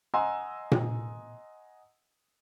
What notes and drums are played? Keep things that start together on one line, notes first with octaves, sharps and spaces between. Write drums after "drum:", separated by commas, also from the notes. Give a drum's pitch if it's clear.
D#5 F#5 G#5 A#5 C6 E6
drum: tom A#2